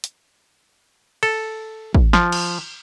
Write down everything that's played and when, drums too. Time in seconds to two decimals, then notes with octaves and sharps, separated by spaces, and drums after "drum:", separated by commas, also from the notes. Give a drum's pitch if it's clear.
0.04 drum: hi-hat
1.23 A4, drum: cymbal
1.94 drum: kick
2.13 F3, drum: snare
2.32 drum: cymbal